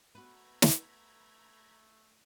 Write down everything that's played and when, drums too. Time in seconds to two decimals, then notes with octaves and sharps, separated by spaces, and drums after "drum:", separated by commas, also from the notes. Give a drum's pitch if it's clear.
0.15 A3 B3 F#4 B4 A#5 B5 G#6
0.62 drum: snare